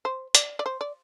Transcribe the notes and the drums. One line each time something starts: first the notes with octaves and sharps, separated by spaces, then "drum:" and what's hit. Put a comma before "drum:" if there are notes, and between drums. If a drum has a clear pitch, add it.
C5
D5, drum: hi-hat
D5
C5
D5